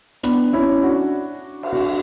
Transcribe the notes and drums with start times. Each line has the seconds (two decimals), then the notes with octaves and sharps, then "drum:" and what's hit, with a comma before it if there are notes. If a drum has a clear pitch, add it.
0.23 B3 D4, drum: rim click
0.53 C#4 E4
0.83 D4 F#4
1.63 drum: cymbal
1.73 D4 F#4